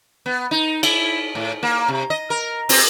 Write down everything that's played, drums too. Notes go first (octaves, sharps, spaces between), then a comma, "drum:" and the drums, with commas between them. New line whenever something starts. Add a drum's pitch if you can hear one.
B3
D#4
E4, drum: cymbal
A2
A#3
C3
D#5
A#4
C4, drum: open hi-hat